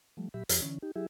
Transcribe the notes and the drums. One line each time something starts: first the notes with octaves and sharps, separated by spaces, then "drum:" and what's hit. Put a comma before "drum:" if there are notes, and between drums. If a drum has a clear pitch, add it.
F3 G3 A3
A#2 F#3 G4 E5 B5
F2 F3 G4, drum: hi-hat
D3 E3 C#4
D#4 G4
F#3 E4 G4 G#4 E5